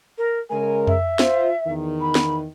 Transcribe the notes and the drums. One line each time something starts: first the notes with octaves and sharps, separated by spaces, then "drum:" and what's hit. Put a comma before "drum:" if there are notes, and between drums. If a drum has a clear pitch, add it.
A#4
C#3 G#3 A#4 G#5
E5, drum: tom F2
F4 C5, drum: snare
E2 D#3
B5
drum: snare